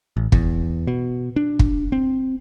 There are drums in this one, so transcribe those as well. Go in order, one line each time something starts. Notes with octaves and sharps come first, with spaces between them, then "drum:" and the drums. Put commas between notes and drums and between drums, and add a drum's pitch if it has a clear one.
A1
E2, drum: kick
B2
D4
drum: kick
C4